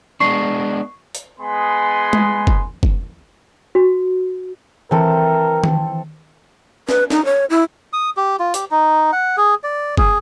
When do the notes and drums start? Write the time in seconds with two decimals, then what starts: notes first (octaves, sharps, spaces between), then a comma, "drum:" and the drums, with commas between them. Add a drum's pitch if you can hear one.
0.20 G#3 B3 D4 C#6 C7
1.15 drum: hi-hat
1.40 G#3 B3 G#5 B5 C6
2.13 drum: tom G#3
2.47 drum: kick
2.83 drum: kick
3.75 F#4
4.91 E3 C4 A4 A#4
5.64 drum: tom D#3
6.89 B4, drum: snare
7.10 D#4, drum: snare
7.25 C#5
7.50 E4
7.93 D#6
8.17 G4
8.40 F4
8.54 G4, drum: hi-hat
8.71 D#4
9.12 F#5
9.37 G#4
9.63 D5
9.97 G#4, drum: kick